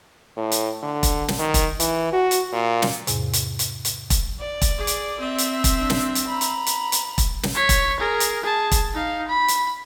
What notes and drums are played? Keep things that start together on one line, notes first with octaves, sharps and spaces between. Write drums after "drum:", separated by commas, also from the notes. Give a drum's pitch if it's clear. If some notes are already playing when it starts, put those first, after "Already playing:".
A2
drum: hi-hat
D3
drum: kick E1, hi-hat
drum: snare
D#3
drum: kick E1, hi-hat
E3, drum: hi-hat
F#4
drum: hi-hat
A#2
drum: snare
E2 G#2 C3, drum: hi-hat
drum: hi-hat
drum: hi-hat
drum: hi-hat
drum: kick E1, hi-hat
D5
drum: kick E1, hi-hat
G#4 D6
drum: hi-hat
C4 E5
drum: hi-hat
drum: kick E1, hi-hat
D4
drum: snare
drum: hi-hat
A#5 B5
drum: hi-hat
drum: hi-hat
drum: hi-hat
drum: kick E1, hi-hat
drum: snare
C#5 B6
drum: kick E1, hi-hat
G#4 A#4
drum: hi-hat
G#4 A5
drum: kick E1, hi-hat
D#4 F5
B5
drum: hi-hat